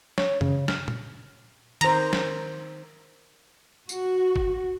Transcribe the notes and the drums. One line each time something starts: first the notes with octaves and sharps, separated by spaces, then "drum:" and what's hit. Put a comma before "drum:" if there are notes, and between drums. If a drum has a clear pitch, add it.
C#5, drum: snare
C#3, drum: tom F#2
F6, drum: snare
drum: tom A#2
D#3 C5 A#5, drum: cymbal
drum: snare
F#4, drum: tambourine
drum: kick G1